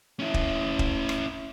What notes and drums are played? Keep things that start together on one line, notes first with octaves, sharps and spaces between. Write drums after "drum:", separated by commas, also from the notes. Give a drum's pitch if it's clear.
C#4 E4
drum: kick
drum: kick
drum: rim click